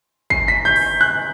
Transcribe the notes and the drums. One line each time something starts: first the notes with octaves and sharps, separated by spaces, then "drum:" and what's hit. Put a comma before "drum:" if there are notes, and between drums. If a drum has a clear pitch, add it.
C7, drum: kick G#1
B6
G6
drum: open hi-hat
F#6